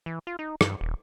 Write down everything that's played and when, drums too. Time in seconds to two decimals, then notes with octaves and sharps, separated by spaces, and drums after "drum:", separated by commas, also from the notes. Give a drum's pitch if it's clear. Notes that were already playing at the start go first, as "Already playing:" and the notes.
0.06 E3
0.27 F4
0.39 D#4
0.61 G2, drum: rim click
0.81 D#1